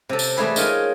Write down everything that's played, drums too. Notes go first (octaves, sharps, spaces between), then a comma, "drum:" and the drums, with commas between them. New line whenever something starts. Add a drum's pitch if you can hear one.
C3 A4
drum: tambourine
E3 G3 A3 E4 G#4 B4
D#4 F4 A#4 C#5 G#5, drum: tambourine